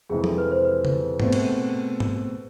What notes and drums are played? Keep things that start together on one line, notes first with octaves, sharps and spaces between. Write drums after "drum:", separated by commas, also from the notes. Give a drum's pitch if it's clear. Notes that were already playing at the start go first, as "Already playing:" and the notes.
F2 C3 E3 G#3 G#4
A4, drum: tom F3
B4
C5
B4
drum: tom C#3
B2 A3 C4, drum: tom G#2
drum: cymbal
drum: tom G#2